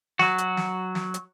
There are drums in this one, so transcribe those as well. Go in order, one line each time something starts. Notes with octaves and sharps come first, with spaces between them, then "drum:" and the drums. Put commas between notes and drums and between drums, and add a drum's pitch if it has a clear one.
F#3 F#4, drum: snare
drum: hi-hat
drum: snare
drum: snare
drum: hi-hat